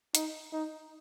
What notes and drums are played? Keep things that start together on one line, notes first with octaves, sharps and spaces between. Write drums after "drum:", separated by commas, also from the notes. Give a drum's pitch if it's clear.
D#4, drum: hi-hat
D#4